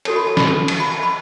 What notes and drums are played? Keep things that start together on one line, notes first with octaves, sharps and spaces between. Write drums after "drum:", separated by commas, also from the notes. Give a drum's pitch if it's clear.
F#4 A4 C#5 A5, drum: cymbal
B5
A5
B5, drum: snare
A5
A5, drum: cymbal
B5
A5
B5